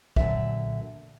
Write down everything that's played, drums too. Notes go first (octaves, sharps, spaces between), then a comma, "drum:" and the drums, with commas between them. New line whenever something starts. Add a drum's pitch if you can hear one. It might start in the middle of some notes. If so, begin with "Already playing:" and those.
A#2 D3 F#3 E5, drum: kick